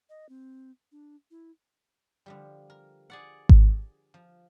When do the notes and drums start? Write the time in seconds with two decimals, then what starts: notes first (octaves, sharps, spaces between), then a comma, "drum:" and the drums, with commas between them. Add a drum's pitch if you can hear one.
0.09 D#5
0.29 C4
0.92 D4
1.31 E4
2.26 D3 F3 G3
2.70 A#4
3.10 G#4 D5 F#5
3.49 drum: kick G#1
4.14 F3